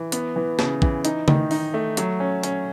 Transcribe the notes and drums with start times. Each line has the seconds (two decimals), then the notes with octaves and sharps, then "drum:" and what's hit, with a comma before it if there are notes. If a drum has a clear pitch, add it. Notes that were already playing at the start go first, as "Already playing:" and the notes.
Already playing: E3
0.12 B3, drum: hi-hat
0.36 E3
0.59 C#3, drum: snare
0.82 E3, drum: kick
1.05 D#4, drum: hi-hat
1.28 D#3, drum: tom C#3
1.51 D#4, drum: open hi-hat
1.74 A3
1.97 F#3, drum: hi-hat
2.20 C#4
2.43 C#4, drum: hi-hat